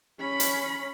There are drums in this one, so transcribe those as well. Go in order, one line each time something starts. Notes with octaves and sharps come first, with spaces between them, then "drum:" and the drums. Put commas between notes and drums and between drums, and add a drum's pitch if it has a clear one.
C#4 B5
drum: hi-hat